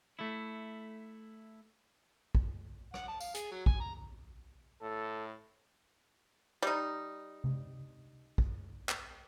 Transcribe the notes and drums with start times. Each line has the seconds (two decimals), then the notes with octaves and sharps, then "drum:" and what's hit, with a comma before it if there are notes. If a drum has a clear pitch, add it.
0.19 A3 E4
2.35 drum: kick
2.94 F#5, drum: rim click
3.08 A5
3.21 F5, drum: tambourine
3.35 G#4, drum: hi-hat
3.52 F#3
3.66 G#5, drum: kick
3.80 A#5
4.82 A2 A4
6.62 G3 D#4
7.44 drum: tom C3
8.38 drum: kick
8.89 drum: clap